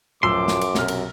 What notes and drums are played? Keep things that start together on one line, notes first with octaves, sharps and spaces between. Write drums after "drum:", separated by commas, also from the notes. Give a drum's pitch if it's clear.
D1 F#2 F3 C6 D6 E6
drum: snare
drum: cymbal
B1 C3 F6, drum: snare
drum: cymbal